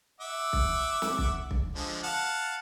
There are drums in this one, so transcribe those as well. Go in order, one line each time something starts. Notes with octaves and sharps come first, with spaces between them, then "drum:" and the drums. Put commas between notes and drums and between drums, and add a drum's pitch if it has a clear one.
E5 F#5 D6
drum: kick B1
drum: snare
drum: kick B1
drum: kick B1
D3 F3 G#3
F5 F#5 A5